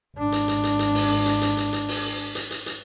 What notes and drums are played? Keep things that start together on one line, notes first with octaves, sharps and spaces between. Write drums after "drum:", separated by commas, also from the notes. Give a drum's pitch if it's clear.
G#1 D4
drum: hi-hat
drum: hi-hat
drum: hi-hat
drum: hi-hat
drum: open hi-hat
drum: hi-hat
drum: hi-hat
drum: hi-hat
drum: hi-hat
drum: open hi-hat
drum: hi-hat
drum: hi-hat
drum: hi-hat